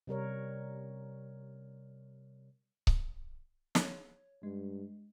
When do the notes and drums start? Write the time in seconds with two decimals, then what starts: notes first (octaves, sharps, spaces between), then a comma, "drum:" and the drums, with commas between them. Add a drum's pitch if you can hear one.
0.07 C3 G3 A#4 C#5
2.87 drum: kick C#1
3.75 C#5, drum: snare
4.43 G2 G#3